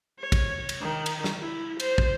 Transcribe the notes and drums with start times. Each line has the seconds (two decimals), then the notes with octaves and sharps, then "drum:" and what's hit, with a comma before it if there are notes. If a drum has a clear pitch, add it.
0.19 C#5
0.32 drum: kick, cymbal
0.69 drum: cymbal
0.81 D#3
1.06 drum: cymbal
1.24 drum: snare
1.38 E4
1.80 C5, drum: cymbal
1.98 drum: kick